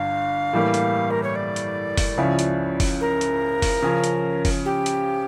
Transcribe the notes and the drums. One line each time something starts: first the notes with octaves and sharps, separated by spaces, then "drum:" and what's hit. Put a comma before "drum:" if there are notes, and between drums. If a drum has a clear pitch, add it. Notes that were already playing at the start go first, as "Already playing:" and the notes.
Already playing: G1 G2 F5
A2 E3 G3 A#3
drum: hi-hat
A#4
C#5
D5
drum: hi-hat
drum: kick F#1, open hi-hat
C#2 C#3 F3 C#4 E4
drum: hi-hat
drum: kick F#1, open hi-hat
A#4
drum: hi-hat
drum: kick F#1, open hi-hat
C#3 F3 C#4
drum: hi-hat
drum: kick F#1, open hi-hat
G4
drum: hi-hat